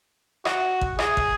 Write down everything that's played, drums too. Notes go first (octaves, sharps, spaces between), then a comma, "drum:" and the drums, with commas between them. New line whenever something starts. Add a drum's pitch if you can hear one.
F#4, drum: rim click
drum: kick
G#4, drum: rim click
drum: kick